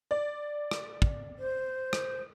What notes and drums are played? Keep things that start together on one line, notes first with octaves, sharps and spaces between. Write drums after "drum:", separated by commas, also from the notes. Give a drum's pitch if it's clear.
D5
drum: rim click
drum: kick
C5
drum: rim click